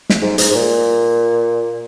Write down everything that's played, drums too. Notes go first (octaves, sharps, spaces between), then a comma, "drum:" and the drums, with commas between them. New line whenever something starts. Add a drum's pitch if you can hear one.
drum: snare
G#2
G#2, drum: hi-hat
G#2
A#2